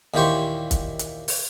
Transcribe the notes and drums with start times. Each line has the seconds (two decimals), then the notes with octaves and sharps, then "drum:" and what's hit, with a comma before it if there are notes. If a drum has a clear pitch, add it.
0.14 D#2 A#2 E3 G4 C5 C#6
0.71 drum: kick, hi-hat
0.99 drum: hi-hat
1.28 drum: open hi-hat